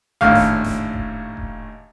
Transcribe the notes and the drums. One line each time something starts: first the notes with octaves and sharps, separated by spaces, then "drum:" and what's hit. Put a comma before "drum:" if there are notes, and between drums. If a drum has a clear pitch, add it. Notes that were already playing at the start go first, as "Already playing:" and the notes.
G#1 D#2 A2 D3 F5, drum: kick E1
drum: snare E1
drum: snare E1
drum: kick E1
drum: kick E1